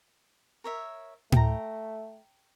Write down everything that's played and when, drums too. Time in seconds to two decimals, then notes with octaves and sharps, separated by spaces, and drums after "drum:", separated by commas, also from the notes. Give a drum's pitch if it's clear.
0.64 A#4 C#5 E5
1.32 A3 G5 A#5, drum: tom A2